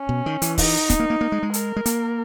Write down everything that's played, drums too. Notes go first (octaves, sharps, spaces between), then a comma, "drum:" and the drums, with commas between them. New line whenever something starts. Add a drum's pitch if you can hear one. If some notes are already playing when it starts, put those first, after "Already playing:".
Already playing: C#4
B2
D#3
E3, drum: hi-hat
D#4, drum: kick, open hi-hat
B3, drum: kick, hi-hat
A#3
A#3
A#3
G#3
G#3
A#4, drum: hi-hat
G#3
A#3, drum: hi-hat